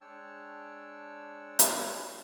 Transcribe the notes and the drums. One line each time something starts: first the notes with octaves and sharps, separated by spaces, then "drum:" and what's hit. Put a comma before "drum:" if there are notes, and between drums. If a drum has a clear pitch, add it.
G#3 D4 C#5 G5 A5 E6
drum: hi-hat